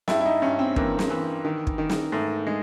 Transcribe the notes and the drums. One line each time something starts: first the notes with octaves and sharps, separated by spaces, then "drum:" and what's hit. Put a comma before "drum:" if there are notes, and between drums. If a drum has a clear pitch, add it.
G2 E4, drum: snare
E4
D#4
G2 C#4
C4
E3 A#3, drum: kick
drum: snare
E3
D#3
drum: kick
D#3
drum: snare
G#2 A3
G#3